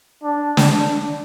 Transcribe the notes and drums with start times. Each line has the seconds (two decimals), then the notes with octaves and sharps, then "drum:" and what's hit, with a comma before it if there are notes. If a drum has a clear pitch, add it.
0.23 D4
0.57 drum: snare
0.68 D4